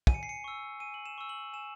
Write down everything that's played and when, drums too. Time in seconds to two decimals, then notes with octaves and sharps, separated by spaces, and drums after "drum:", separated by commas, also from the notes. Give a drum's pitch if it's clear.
0.07 G#5 D#7, drum: kick
0.14 C#7
0.23 C7
0.29 C#7
0.44 C#6 E6
0.80 G#5 D#7
0.94 F#7
1.06 E7
1.18 C#6 E6
1.29 F#7
1.53 G#5 E7